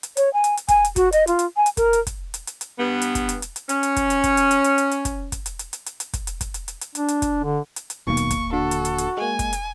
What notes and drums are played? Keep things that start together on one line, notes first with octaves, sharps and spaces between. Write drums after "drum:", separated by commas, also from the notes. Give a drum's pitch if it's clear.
drum: hi-hat
C#5, drum: hi-hat
G#5
drum: hi-hat
drum: hi-hat
G#5, drum: kick, hi-hat
drum: hi-hat
F#4, drum: kick, hi-hat
D#5, drum: hi-hat
F4, drum: hi-hat
drum: hi-hat
G#5
drum: hi-hat
A#4, drum: kick, hi-hat
drum: hi-hat
drum: kick, hi-hat
drum: hi-hat
drum: hi-hat
drum: hi-hat
G2 B3
drum: hi-hat
drum: kick, hi-hat
drum: hi-hat
drum: hi-hat
drum: hi-hat
C#4, drum: hi-hat
drum: hi-hat
drum: kick, hi-hat
drum: hi-hat
drum: kick, hi-hat
drum: hi-hat
drum: hi-hat
drum: hi-hat
drum: hi-hat
drum: hi-hat
drum: kick, hi-hat
drum: kick, hi-hat
drum: hi-hat
drum: hi-hat
drum: hi-hat
drum: hi-hat
drum: hi-hat
drum: kick, hi-hat
drum: hi-hat
drum: kick, hi-hat
drum: hi-hat
drum: hi-hat
drum: hi-hat
D4, drum: hi-hat
drum: hi-hat
drum: kick, hi-hat
D3
drum: hi-hat
drum: hi-hat
D#1 B1 B2 D#3 A#3 C#6
drum: hi-hat
drum: kick, hi-hat
D3 F#4 A4
drum: hi-hat
drum: hi-hat
drum: hi-hat
G#3 A#3 G#5
drum: kick, hi-hat
drum: hi-hat